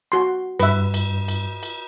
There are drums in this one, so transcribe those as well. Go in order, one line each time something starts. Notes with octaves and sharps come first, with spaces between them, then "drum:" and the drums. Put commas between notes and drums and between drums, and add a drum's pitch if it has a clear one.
F#4 C6
G2 B4 E5, drum: cymbal
drum: cymbal
drum: cymbal
drum: cymbal